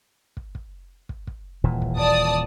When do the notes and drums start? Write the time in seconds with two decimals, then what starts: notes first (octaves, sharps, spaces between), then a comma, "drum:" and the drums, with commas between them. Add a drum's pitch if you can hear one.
0.37 drum: kick
0.55 drum: kick
1.09 drum: kick
1.27 drum: kick
1.64 D#1 A#2 E3
1.82 drum: kick
1.97 D5 A5 D#6, drum: kick